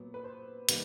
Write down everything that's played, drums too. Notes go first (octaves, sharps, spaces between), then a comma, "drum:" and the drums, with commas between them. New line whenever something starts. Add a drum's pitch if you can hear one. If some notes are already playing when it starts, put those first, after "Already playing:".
Already playing: A#2 F#3 B3
B4
C5
C3 D#3 G3 A#3 B4, drum: hi-hat